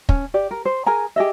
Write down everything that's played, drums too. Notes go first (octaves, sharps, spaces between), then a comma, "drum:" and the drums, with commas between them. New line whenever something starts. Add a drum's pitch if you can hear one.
C#4, drum: kick
G4 D5
A#4
C5
G#4 A#4 G#5 A#5
G4 G#4 D#5 E5